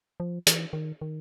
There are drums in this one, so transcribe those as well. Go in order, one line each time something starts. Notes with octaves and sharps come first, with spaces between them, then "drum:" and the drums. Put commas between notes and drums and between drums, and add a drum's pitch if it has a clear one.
F3
E3, drum: hi-hat
D#3
D#3